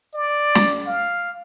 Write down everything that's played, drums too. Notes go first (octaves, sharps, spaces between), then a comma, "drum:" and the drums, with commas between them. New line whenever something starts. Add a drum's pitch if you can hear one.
D5
drum: snare
F5